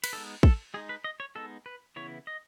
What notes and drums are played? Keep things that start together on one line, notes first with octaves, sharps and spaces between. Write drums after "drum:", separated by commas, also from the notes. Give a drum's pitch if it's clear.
B4, drum: cymbal
G#3 B3 D#4 A4
A4, drum: kick
G#3 D#4 G#4
B4
D#5
C#5
G#3 B3 D#4 A4
B4
C#3 E3 B3 E4 C#5
D#5